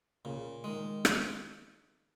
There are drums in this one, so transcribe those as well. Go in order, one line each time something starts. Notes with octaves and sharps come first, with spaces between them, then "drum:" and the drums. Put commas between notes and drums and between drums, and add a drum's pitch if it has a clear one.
A#2 C#3
D#3 G#3
drum: rim click